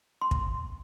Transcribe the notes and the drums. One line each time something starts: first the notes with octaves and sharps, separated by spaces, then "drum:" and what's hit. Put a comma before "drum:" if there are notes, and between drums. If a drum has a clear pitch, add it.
C6
drum: kick